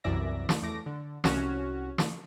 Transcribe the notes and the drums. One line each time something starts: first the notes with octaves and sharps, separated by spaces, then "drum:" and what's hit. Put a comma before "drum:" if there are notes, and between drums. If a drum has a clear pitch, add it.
C2 F#2 E3 D5 E5 A#6
drum: snare
E2 A3 D6 A#6
D3
C2 C#4 F#4, drum: snare
drum: snare